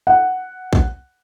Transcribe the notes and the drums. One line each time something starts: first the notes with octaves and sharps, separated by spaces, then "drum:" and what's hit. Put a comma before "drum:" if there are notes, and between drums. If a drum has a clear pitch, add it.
F#5
drum: kick